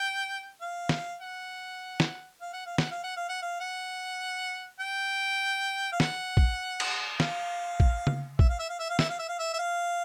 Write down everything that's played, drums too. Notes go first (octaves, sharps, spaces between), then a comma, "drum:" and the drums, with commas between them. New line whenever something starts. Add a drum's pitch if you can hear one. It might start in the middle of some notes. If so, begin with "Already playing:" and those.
Already playing: G5
F5
drum: snare
F#5
drum: snare
F5
F#5
F5
F#5, drum: snare
F5
F#5
F5
F#5
F5
F#5
G5
F5
F#5, drum: snare
drum: kick
drum: cymbal
F5, drum: snare
drum: kick
drum: tom C#3
E5, drum: kick
F5
E5
F5
E5
F5
E5, drum: snare
F5
E5
F5
E5
E5
F5